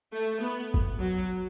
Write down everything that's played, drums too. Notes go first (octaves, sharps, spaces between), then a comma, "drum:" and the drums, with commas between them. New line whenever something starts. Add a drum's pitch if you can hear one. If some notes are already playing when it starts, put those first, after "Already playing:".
A3
B3
drum: kick
F#3